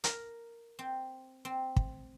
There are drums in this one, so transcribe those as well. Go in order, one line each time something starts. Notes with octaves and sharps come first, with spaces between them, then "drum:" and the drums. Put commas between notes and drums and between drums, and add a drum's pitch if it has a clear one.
A#4, drum: hi-hat
C4
C4
drum: kick